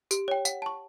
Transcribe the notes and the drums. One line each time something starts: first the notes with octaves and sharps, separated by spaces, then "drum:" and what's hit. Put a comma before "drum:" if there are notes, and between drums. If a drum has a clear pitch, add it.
G4, drum: tambourine
C#5 G5
F#5, drum: tambourine
A5 C#6